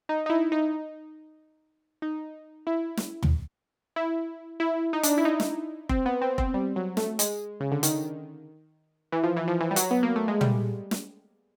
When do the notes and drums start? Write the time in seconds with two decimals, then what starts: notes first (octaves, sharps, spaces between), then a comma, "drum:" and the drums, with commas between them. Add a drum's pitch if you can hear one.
0.09 D#4
0.26 D#4
0.30 E4
0.52 D#4
2.02 D#4
2.67 E4
2.97 drum: snare
3.23 drum: tom
3.96 E4
4.60 E4
4.93 D#4
5.03 D4, drum: hi-hat
5.18 E4
5.25 D#4
5.40 drum: snare
5.89 C4, drum: kick F1
6.06 B3
6.21 C4
6.38 C4, drum: kick F1
6.54 G3
6.76 F#3
6.97 A3, drum: snare
7.19 G#3, drum: hi-hat
7.60 C#3
7.72 D3
7.83 D#3, drum: hi-hat
9.12 E3
9.24 F3
9.37 E3
9.48 F3
9.60 E3
9.71 G3
9.76 F#3, drum: hi-hat
9.91 B3
10.03 A#3
10.16 A3
10.28 G#3
10.41 G3, drum: tom
10.91 drum: snare